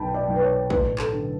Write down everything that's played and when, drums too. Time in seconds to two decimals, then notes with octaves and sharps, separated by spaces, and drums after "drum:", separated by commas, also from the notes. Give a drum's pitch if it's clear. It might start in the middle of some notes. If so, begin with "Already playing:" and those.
Already playing: B1 B2 G5 A5 B5
0.14 D5
0.28 B1
0.36 B4
0.42 C#5
0.70 A1 B4, drum: kick
0.98 A4, drum: clap
1.13 D3